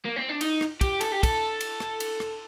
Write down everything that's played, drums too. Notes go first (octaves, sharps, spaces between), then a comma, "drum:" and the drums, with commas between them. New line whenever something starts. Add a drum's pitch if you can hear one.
A#3
C4
D4
D#4, drum: cymbal
drum: rim click
G4, drum: kick, cymbal
A4, drum: cymbal
G4
A4, drum: kick, cymbal
drum: cymbal
drum: rim click
drum: cymbal
drum: rim click